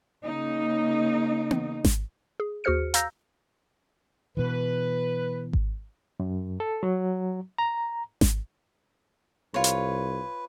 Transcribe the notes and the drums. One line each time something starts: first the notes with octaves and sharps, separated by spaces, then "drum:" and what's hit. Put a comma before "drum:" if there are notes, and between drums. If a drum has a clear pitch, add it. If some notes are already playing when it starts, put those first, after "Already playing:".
C#3 A#3 D#4
drum: tom B3
drum: snare G#1
G#4
D#2 F#4 G#4 C5 F6 C#7
F5 A#5 E6 G6 A#6, drum: hi-hat
B2 E3 B4
drum: kick G#1
F#2
A4
F#3
A#5
drum: snare G#1
C2 F4 B4 C#5
drum: hi-hat